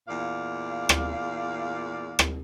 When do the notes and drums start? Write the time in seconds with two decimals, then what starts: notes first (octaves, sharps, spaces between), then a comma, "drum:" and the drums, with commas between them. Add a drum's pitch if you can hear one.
0.08 E2 A#2 D5 F5
0.89 drum: rim click
2.19 drum: rim click